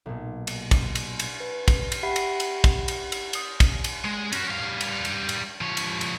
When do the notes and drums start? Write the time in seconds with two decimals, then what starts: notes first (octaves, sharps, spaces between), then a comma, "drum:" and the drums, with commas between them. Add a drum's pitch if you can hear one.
0.06 B1 A#2
0.47 drum: cymbal
0.71 drum: kick, cymbal
0.95 drum: cymbal
1.19 drum: cymbal
1.40 B4
1.68 drum: kick, cymbal
1.92 drum: cymbal
2.03 G4 E5 F#5 B5 B6 C7
2.16 drum: cymbal
2.40 drum: cymbal
2.64 drum: kick, cymbal
2.88 drum: cymbal
3.12 drum: cymbal
3.33 D#6 G6, drum: cymbal
3.60 drum: kick, cymbal
3.84 drum: cymbal
4.05 G#3
4.32 C#4 F#4, drum: cymbal
4.49 G3 F5
4.81 drum: cymbal
5.05 drum: cymbal
5.29 drum: cymbal
5.61 F3 C#5
5.77 drum: cymbal
6.01 drum: cymbal